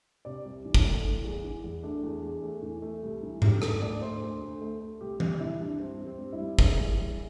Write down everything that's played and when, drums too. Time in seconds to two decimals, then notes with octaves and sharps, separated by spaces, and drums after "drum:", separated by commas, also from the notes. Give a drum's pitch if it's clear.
0.25 C3 D5
0.45 C2
0.65 E3
0.75 drum: kick
0.85 A3
1.05 E3
1.24 E2
1.44 E3
1.64 E2
1.83 A3 D4
2.03 E2
2.23 E2
2.43 A3
2.62 E3
2.82 A3
3.03 C2
3.23 E3
3.42 D3 G4, drum: tom G#2
3.62 D2 A4, drum: rim click
3.82 D2 D5
4.02 D2 C5
4.21 D2
4.41 D2
4.61 A3
4.80 A3
5.01 C2 G4
5.20 G3 G4, drum: tom E3
5.40 C3 E4
5.60 C2 D4
5.80 G2 C4
6.00 G2
6.07 C4
6.19 G3
6.33 E4
6.39 G3
6.59 E2, drum: kick
6.79 G3
6.99 E2